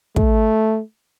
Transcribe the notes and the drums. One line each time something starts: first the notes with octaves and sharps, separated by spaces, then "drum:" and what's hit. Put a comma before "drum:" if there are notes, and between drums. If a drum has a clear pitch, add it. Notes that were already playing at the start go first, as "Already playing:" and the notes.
A3, drum: kick